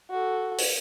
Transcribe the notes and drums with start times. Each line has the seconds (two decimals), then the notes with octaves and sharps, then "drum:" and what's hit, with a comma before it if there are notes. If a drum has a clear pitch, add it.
0.10 F#4 A4
0.58 drum: open hi-hat